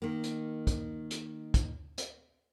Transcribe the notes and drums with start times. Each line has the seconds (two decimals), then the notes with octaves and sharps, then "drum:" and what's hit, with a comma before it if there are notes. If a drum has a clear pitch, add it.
0.02 D#3 A#3
0.23 drum: hi-hat
0.67 drum: kick, hi-hat
1.11 drum: hi-hat
1.54 drum: kick, hi-hat
1.98 drum: hi-hat